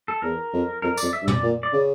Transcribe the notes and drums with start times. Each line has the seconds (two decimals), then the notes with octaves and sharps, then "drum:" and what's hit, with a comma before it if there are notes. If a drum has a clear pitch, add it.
0.08 A4
0.22 E2 A#4
0.53 F2
0.82 F2 A#4
0.98 F2 D5, drum: tambourine
1.13 E5
1.22 G2
1.28 D5, drum: tom
1.43 A#2
1.63 D5
1.73 C#3